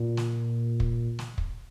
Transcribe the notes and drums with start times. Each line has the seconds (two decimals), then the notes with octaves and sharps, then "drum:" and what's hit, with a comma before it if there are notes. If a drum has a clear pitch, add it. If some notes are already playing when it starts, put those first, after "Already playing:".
Already playing: A#2
0.17 drum: snare
0.80 drum: kick
1.19 drum: snare
1.38 drum: kick